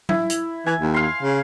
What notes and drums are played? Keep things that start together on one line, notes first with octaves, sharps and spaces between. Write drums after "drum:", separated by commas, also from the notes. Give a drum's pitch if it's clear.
E4, drum: tom F#3
drum: hi-hat
E3 G#5
D#2
F5 C6
C#3